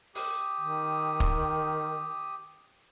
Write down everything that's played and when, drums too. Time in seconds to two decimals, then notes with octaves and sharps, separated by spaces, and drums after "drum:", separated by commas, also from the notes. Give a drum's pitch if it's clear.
0.15 G4 D#6, drum: open hi-hat
0.60 D#3
1.20 drum: kick